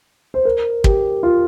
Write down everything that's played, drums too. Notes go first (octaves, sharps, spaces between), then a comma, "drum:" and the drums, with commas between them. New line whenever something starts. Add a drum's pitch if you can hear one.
C5
A#4
G4, drum: kick
F4